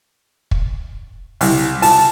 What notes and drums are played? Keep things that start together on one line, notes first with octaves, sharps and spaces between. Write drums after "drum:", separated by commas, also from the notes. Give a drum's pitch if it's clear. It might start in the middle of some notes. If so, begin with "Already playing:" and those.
drum: kick
C2, drum: open hi-hat
A5, drum: open hi-hat